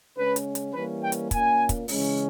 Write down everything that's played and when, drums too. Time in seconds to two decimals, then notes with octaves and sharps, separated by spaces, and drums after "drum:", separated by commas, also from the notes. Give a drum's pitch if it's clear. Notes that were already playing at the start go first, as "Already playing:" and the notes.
0.17 C#3 G#3 C#4 B4
0.36 drum: hi-hat
0.55 drum: hi-hat
0.74 E3 G3 A#3 C#4 B4
1.02 G5
1.12 drum: hi-hat
1.31 A#2 A#3 C#4 G#5, drum: kick, hi-hat
1.69 drum: kick, hi-hat
1.88 C#3 E3 G#3 C#4, drum: open hi-hat